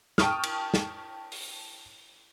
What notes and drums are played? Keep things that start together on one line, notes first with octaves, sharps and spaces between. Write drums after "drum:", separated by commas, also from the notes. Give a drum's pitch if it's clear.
G5 A5 C#6 D#6 F6, drum: snare
drum: cymbal
drum: snare
drum: open hi-hat